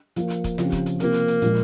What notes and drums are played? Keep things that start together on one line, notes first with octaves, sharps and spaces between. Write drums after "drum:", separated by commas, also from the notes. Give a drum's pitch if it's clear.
F3 A#3 F4 A#4, drum: hi-hat
drum: hi-hat
drum: kick, hi-hat
C#3 F3 C4 G4, drum: snare
drum: kick, hi-hat
drum: hi-hat
C3 F3 A#3 C4 F4, drum: hi-hat
drum: hi-hat
drum: hi-hat
A#2 F3 G#3, drum: hi-hat